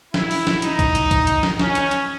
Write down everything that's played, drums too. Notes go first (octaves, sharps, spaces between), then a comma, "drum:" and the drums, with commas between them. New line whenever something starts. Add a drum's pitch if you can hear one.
E4, drum: snare
drum: open hi-hat
drum: snare
D#4, drum: hi-hat
drum: kick, hi-hat
drum: hi-hat
drum: kick, hi-hat
drum: hi-hat
drum: snare
C#4, drum: snare
drum: hi-hat
drum: hi-hat